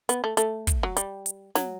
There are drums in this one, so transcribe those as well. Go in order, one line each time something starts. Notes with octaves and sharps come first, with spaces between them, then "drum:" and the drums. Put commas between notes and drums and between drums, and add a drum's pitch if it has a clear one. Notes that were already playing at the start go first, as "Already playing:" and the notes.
B3, drum: hi-hat
A3
A3, drum: hi-hat
drum: kick, hi-hat
F#3
G3, drum: hi-hat
drum: hi-hat
F#3, drum: snare